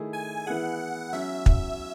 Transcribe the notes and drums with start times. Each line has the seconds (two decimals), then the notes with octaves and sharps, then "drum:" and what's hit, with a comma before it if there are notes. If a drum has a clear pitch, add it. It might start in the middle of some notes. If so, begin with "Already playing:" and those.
Already playing: D#3 A3 E4 G#4
0.13 G#5
0.46 E3 B3 E4 G#4 F#5
1.13 F#3 C#4 F#4 E5
1.46 drum: kick